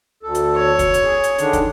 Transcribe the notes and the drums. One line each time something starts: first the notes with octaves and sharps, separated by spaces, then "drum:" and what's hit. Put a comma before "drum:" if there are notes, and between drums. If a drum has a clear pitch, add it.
D2 A4
drum: hi-hat
C#5
drum: kick, hi-hat
drum: hi-hat
G#4
drum: hi-hat
D3 D#3 D4, drum: hi-hat
drum: kick, hi-hat